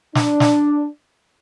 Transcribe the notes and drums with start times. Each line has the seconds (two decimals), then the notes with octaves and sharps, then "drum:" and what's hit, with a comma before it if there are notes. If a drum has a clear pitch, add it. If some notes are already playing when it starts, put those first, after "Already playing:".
0.15 D4, drum: snare
0.40 drum: snare